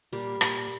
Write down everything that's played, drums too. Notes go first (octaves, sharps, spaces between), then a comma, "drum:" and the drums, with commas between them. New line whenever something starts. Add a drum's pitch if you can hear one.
A#2 G3
A#2, drum: rim click